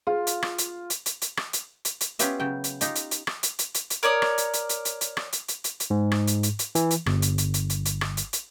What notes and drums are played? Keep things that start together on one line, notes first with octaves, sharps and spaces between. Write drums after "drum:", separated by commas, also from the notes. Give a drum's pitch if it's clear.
F4 G#4
drum: hi-hat
drum: rim click
drum: hi-hat
drum: hi-hat
drum: hi-hat
drum: hi-hat
drum: rim click
drum: hi-hat
drum: hi-hat
drum: hi-hat
B3 C#4 F4 G4 B4 E5, drum: hi-hat
C#3 F#3 G5
drum: hi-hat
D#4 F4 G4, drum: hi-hat
drum: hi-hat
drum: hi-hat
drum: rim click
drum: hi-hat
drum: hi-hat
drum: hi-hat
drum: hi-hat
A#4 C#5 D5 D#6
drum: rim click
drum: hi-hat
drum: hi-hat
drum: hi-hat
drum: hi-hat
drum: hi-hat
drum: rim click
drum: hi-hat
drum: hi-hat
drum: hi-hat
drum: hi-hat
G#2
drum: rim click
drum: hi-hat
drum: hi-hat
drum: hi-hat
E3, drum: hi-hat
drum: hi-hat
G1, drum: rim click
drum: hi-hat
drum: hi-hat
drum: hi-hat
drum: hi-hat
drum: hi-hat
drum: rim click
drum: hi-hat
drum: hi-hat